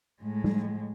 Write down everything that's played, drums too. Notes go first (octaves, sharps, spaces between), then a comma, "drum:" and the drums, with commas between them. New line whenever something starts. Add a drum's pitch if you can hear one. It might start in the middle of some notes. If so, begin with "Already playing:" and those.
A2 G#3
drum: tom G3